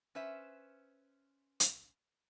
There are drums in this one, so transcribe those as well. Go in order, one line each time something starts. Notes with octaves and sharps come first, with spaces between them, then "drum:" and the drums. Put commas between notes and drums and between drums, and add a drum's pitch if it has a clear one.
C#4 B4 C5 E5
drum: hi-hat